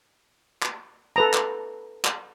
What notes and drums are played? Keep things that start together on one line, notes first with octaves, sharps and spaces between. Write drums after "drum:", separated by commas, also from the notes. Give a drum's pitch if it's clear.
drum: clap
A4 B4 A#5
drum: clap
drum: clap